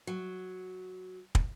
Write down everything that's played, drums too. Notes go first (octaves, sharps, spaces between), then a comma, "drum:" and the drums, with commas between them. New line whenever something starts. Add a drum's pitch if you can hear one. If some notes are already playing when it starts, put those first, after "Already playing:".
F#3
drum: kick